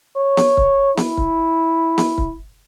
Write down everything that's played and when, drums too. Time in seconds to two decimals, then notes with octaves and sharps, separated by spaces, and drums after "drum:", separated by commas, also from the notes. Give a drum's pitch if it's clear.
0.16 C#5
0.37 drum: snare B3
0.57 drum: kick C#1
0.97 E4, drum: snare B3
1.17 drum: kick C#1
1.98 drum: snare B3
2.18 drum: kick C#1